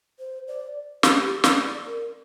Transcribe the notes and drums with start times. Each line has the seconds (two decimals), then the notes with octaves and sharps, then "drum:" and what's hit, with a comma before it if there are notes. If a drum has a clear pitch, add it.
0.19 C5
0.48 D5
1.03 G4, drum: snare
1.44 D5, drum: snare
1.85 A#4